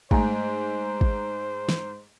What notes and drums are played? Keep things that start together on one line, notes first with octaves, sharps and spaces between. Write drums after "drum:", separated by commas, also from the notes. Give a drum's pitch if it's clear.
G#2 A3 C5 G#5 A#5, drum: kick
drum: kick
drum: snare